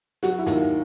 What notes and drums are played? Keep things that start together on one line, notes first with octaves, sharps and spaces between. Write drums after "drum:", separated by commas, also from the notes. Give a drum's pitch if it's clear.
F#3 F#4, drum: hi-hat
E4
D#2 F4, drum: hi-hat